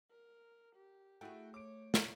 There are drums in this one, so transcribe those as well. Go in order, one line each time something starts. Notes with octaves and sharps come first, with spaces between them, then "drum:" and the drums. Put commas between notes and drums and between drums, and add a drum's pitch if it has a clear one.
A#4
G4
A3 E4 F#4 G#4 G5
C#5 D6 D7
drum: snare